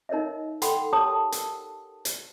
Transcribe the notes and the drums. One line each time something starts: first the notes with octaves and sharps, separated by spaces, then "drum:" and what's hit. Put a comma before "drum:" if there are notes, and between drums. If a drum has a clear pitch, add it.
D#4 A#4 C#5 D#5 E5
A4 F#5 G5 B5 C6, drum: hi-hat
G4 A#4 C#5 A5 D#6
A#4, drum: hi-hat
drum: hi-hat